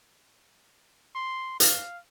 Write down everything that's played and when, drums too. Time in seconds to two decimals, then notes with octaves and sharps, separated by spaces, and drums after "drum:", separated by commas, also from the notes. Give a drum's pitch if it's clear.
1.15 C6
1.60 F5, drum: hi-hat